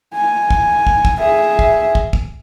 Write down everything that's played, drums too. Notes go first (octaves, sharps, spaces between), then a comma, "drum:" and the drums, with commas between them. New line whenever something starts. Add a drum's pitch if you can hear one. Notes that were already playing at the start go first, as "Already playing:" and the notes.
G#5
drum: kick
drum: kick
drum: kick
G#4 E5
drum: kick
drum: kick
drum: kick